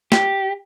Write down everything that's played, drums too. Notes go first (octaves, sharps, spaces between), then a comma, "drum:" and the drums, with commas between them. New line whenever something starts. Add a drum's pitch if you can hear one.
G4, drum: snare